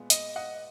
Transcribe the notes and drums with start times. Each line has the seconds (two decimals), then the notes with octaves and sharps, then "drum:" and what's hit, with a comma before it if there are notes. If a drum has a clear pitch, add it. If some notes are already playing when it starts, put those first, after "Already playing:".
Already playing: A#2 G#3 B3
0.10 D#5, drum: hi-hat
0.36 D#5 F#5